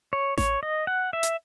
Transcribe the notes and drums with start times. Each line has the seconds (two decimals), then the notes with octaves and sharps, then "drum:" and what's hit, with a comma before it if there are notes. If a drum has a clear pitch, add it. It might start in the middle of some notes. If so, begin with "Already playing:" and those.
0.13 C#5
0.38 C#5, drum: snare A1
0.63 D#5
0.87 F#5
1.13 E5
1.23 drum: hi-hat